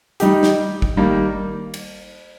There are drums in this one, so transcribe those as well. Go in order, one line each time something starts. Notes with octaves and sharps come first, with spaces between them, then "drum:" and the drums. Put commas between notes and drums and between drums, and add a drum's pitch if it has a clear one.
G3 D#4 G4, drum: hi-hat
drum: snare
drum: kick
D#3 G3 A#3
drum: cymbal